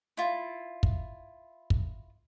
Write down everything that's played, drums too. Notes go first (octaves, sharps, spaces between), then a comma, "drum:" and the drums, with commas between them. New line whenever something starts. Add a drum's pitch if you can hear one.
E4 F4
drum: kick
drum: kick